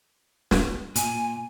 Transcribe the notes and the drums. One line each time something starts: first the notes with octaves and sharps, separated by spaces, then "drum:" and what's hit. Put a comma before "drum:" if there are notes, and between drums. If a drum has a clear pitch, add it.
drum: snare
A#2 G#5, drum: hi-hat